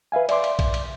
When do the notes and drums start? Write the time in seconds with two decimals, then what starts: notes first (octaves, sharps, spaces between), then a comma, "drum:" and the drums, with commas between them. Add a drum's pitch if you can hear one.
0.12 B4 E5 F5 G#5
0.29 D5 E5 C6 D6, drum: cymbal
0.44 drum: cymbal
0.59 drum: kick A#1, cymbal
0.74 drum: cymbal